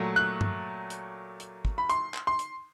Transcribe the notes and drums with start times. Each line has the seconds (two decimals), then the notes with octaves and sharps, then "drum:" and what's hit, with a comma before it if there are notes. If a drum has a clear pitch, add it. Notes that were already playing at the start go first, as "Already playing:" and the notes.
Already playing: A#2 F#3 A3
0.16 F#6
0.41 drum: tom
0.90 drum: hi-hat
1.40 drum: hi-hat
1.65 drum: kick
1.78 B5
1.90 C6, drum: hi-hat
2.14 drum: clap
2.27 C6
2.39 drum: hi-hat